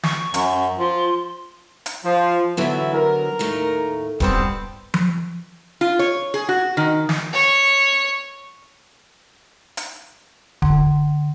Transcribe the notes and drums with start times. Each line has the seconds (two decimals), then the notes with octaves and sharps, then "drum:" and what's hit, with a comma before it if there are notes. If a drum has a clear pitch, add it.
0.03 C#6, drum: snare
0.34 F#2, drum: hi-hat
0.78 F3 C6
1.86 drum: hi-hat
2.04 F3
2.57 D3 E3 F#3 B3 E4
2.93 A#4
3.39 D#2 A2 A3
4.20 G2 G3 B3 C4 G#4 A5, drum: kick D1
4.94 drum: tom F3
5.81 F4
5.99 C#5
6.34 G#4
6.49 F#4
6.77 D#3
7.09 drum: snare
7.33 C#5
9.77 drum: hi-hat
10.62 D3, drum: kick D1